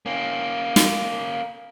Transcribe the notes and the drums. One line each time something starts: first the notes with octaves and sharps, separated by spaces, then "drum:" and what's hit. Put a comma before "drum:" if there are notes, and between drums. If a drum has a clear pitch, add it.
A#3 C#4
drum: snare